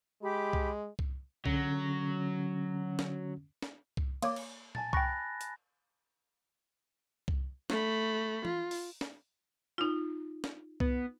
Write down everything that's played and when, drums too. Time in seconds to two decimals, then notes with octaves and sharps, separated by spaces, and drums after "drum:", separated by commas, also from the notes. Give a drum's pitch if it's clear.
0.23 G#3 G4 B5
0.53 drum: kick C2
0.99 drum: kick C2
1.46 D3 F#3 C#4 A#6, drum: kick C2
2.99 drum: snare
3.62 drum: snare
3.97 drum: kick C2
4.22 A#3 C#5 D6, drum: cymbal
4.36 drum: cymbal
4.75 G#5 A5 A6, drum: tom A#2
4.93 G5 B5 C#6 F#6 A#6, drum: kick C2
5.41 drum: hi-hat
7.28 drum: kick C2
7.70 A3 B5, drum: snare
8.45 F4, drum: tom E3
8.71 drum: open hi-hat
9.01 drum: snare
9.78 D#4 F4
10.44 drum: snare
10.80 B3, drum: kick C2